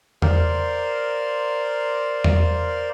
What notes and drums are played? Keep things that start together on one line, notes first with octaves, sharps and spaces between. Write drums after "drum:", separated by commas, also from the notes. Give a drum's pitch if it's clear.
A#4 C5 D5 F5 C6, drum: tom E2
drum: tom E2